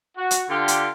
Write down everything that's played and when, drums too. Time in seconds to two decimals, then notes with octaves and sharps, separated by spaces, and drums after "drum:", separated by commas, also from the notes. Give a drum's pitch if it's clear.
0.18 F#4
0.31 drum: hi-hat
0.49 D3 F4 G4
0.68 drum: hi-hat